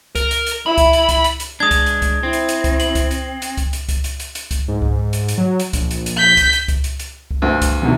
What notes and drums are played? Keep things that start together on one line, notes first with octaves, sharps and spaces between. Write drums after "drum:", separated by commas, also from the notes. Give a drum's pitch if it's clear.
A#4, drum: kick C#2, hi-hat
drum: hi-hat
drum: hi-hat
E4 B5
drum: kick C#2, hi-hat
drum: hi-hat
drum: kick C#2, hi-hat
drum: hi-hat
drum: hi-hat
G#3 D4 D#6 G#6
drum: kick C#2, hi-hat
drum: hi-hat
drum: kick C#2, hi-hat
C4 E4
drum: hi-hat
drum: hi-hat
drum: kick C#2, hi-hat
F#7, drum: hi-hat
drum: kick C#2, hi-hat
drum: hi-hat
drum: hi-hat
drum: kick C#2, hi-hat
drum: hi-hat
drum: kick C#2, hi-hat
drum: hi-hat
drum: hi-hat
drum: hi-hat
drum: kick C#2, hi-hat
G#2
drum: kick C#2
drum: hi-hat
drum: hi-hat
F#3
drum: hi-hat
A#1, drum: kick C#2, hi-hat
drum: hi-hat
drum: hi-hat
G6 B6
drum: kick C#2, hi-hat
drum: hi-hat
drum: kick C#2, hi-hat
drum: hi-hat
drum: hi-hat
drum: kick C#2
D2 G2
drum: kick C#2, hi-hat
E2 B2 D#3